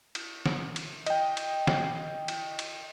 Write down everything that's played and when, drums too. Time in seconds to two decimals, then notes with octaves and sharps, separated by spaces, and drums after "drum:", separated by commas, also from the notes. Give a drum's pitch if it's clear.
0.15 drum: cymbal
0.46 drum: snare
0.76 drum: cymbal
1.06 D#5 G5, drum: cymbal
1.37 drum: cymbal
1.67 drum: snare
2.28 drum: cymbal
2.59 drum: cymbal